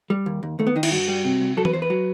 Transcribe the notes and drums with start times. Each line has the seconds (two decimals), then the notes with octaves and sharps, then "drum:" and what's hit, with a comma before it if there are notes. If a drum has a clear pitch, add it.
0.10 G3
0.26 D#2
0.43 D#2
0.59 D#2 A3
0.67 B3
0.76 D#3 D#4
0.83 E4, drum: cymbal
0.91 G2 F#4
1.08 G3
1.25 C3
1.41 C2
1.57 F#3 A4
1.65 B4, drum: tom E3
1.73 E2 C5
1.82 B4
1.90 F#3